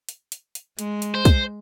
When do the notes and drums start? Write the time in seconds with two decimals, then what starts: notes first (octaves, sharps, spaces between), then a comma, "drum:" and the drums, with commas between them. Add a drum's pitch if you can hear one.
0.09 drum: hi-hat
0.32 drum: hi-hat
0.55 drum: hi-hat
0.79 G#3, drum: hi-hat
1.02 drum: hi-hat
1.15 C5
1.25 drum: kick, hi-hat